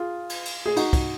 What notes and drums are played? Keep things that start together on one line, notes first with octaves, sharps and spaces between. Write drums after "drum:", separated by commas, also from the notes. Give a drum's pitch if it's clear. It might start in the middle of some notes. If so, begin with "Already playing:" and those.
Already playing: F4 G#4
drum: cymbal
drum: cymbal
G#4
D#4 F#4, drum: cymbal
drum: kick, cymbal